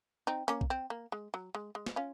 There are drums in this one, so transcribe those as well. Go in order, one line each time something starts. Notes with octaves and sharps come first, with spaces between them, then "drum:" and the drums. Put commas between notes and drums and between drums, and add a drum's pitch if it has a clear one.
C4 D#4
A#3 C#4, drum: hi-hat
drum: kick
C4
A#3
G#3
F#3
G#3
G#3
drum: snare
C#4 F4